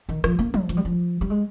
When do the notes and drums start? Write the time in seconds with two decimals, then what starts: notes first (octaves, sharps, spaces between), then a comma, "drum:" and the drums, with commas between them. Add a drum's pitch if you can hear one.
0.09 D#3
0.24 F3, drum: rim click
0.39 A#3
0.54 G3, drum: tom
0.69 F3, drum: hi-hat
0.77 G3
0.85 F3
1.21 G3
1.30 G#3